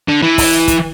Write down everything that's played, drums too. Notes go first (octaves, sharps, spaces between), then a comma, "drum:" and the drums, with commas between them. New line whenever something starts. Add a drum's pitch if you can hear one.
D3
E3
drum: kick, open hi-hat
drum: kick, hi-hat